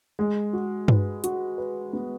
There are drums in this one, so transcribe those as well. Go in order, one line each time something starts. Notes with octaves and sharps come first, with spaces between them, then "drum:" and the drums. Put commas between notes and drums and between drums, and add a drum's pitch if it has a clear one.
G#3
F#4
B4, drum: tom G2
F#4, drum: hi-hat
B4
B3